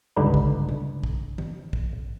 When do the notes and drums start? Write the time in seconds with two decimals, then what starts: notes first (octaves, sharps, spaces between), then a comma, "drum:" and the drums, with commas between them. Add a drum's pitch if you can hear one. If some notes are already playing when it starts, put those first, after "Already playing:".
0.16 C#2 G2 D3 D4 D#4 B4
0.34 drum: kick
0.69 drum: tom B2
1.03 drum: kick
1.38 drum: tom D#3
1.73 drum: kick